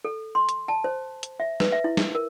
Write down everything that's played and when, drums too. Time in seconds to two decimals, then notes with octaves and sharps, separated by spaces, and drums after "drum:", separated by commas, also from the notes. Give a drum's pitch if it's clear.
0.05 A4
0.35 C6
0.49 drum: hi-hat
0.68 A5
0.84 C5
1.23 drum: hi-hat
1.40 E5
1.60 B4, drum: snare
1.72 E5
1.84 E4
1.97 drum: snare
2.15 A#4